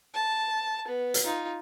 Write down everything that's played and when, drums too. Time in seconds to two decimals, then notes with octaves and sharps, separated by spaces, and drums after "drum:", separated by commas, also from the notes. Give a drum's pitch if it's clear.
0.14 A5
0.88 B3
1.14 drum: hi-hat
1.24 D#4 F4